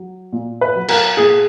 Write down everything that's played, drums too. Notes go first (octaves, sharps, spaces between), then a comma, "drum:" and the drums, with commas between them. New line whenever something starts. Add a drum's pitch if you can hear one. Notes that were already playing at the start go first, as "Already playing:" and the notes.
Already playing: F#3
A#2
B4
F#3
A#4, drum: cymbal
A#2 G#4